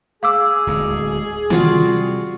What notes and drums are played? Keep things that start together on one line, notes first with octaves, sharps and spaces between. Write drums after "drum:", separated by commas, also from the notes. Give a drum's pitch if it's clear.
G#4 F5 D6 E6
D1 D#2 G#3
C3 G3 F4 F#4 D5, drum: tom D#3